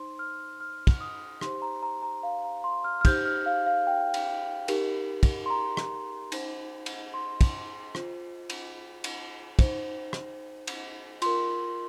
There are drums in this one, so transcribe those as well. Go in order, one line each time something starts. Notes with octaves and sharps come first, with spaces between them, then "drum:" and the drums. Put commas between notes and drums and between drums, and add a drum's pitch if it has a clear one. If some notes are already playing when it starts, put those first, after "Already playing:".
Already playing: D#4 C5 C6
F6
F6
drum: kick, cymbal
D#6
D#4 G4 C5 C6, drum: rim click
A#5
A#5
A#5
F5
A#5
C6
F6
F6
D#4 G4 C5 G6, drum: kick, cymbal
F6
F5
F5
G5
drum: cymbal
D#4 G4 A#4, drum: cymbal
drum: kick, cymbal
C6
A#5
drum: rim click
D#4 C5, drum: cymbal
drum: cymbal
C6
drum: kick, cymbal
F4 C5, drum: rim click
drum: cymbal
drum: cymbal
D#4 C5, drum: kick, cymbal
drum: rim click
drum: cymbal
F4 A#4 C6, drum: cymbal